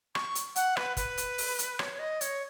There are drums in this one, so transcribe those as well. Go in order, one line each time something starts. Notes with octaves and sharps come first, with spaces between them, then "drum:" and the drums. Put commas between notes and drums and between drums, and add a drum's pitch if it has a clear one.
C#6, drum: rim click
drum: hi-hat
F#5, drum: hi-hat
B4, drum: rim click
B4, drum: kick, hi-hat
drum: hi-hat
drum: open hi-hat
drum: hi-hat
C#5, drum: rim click
D#5
C#5, drum: hi-hat